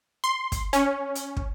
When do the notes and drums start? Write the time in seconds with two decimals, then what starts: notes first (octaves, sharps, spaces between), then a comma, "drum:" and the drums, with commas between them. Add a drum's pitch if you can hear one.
0.24 C6
0.52 drum: kick, hi-hat
0.73 C#4, drum: hi-hat
1.15 drum: hi-hat
1.36 drum: kick